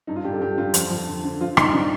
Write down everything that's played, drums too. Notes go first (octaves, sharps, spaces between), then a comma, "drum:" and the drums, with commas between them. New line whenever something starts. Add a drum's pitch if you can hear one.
G2 D#4
F4
G2 G4
A4
G2 G4
G2 F4
F2, drum: hi-hat
F2
D3
D3
F3 F4
G2 D#4, drum: rim click
F3 D4